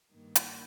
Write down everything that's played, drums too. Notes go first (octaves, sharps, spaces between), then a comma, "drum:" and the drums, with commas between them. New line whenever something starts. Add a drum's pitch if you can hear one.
G2 D#3 A#3
drum: hi-hat